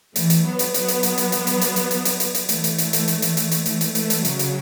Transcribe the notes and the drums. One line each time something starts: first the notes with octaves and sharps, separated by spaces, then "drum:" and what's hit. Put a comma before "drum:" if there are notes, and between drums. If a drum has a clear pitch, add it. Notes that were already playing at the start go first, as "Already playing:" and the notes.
E3 A3, drum: hi-hat
drum: hi-hat
F#3 B3
drum: hi-hat
F#3 B3, drum: hi-hat
drum: hi-hat
drum: hi-hat
drum: hi-hat
drum: hi-hat
drum: hi-hat
drum: hi-hat
drum: hi-hat
drum: hi-hat
drum: hi-hat
drum: hi-hat
drum: hi-hat
E3 A3, drum: hi-hat
drum: hi-hat
drum: hi-hat
drum: hi-hat
drum: hi-hat
drum: hi-hat
drum: hi-hat
drum: hi-hat
E3 A3, drum: hi-hat
drum: hi-hat
E3 A3, drum: hi-hat
drum: hi-hat
C#3 F#3, drum: hi-hat
drum: hi-hat